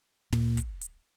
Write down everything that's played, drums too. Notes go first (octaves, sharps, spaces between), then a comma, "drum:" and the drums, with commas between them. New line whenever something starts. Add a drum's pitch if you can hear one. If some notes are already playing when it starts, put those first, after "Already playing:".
A#2, drum: tom
drum: kick, hi-hat
drum: hi-hat